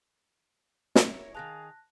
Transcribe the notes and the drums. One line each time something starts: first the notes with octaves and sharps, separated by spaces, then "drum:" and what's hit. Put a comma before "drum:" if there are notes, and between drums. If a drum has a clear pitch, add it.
E4 A#4 C#5, drum: snare
D#3 G#3 G#4 F5 A5 F#6 A#6